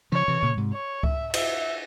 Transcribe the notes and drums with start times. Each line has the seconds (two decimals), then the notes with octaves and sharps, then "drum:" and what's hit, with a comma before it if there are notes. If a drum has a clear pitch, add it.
0.12 C#3 F3 C#5
0.28 C3 E3
0.43 A#2 C#3
0.57 G#2 C3
0.73 C#5
1.03 E5, drum: kick C#2
1.34 E5, drum: cymbal